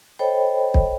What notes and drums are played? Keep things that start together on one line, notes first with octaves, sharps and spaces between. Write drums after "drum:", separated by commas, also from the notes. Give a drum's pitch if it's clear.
A4 C5 C#5 D#5 G5 B5
drum: kick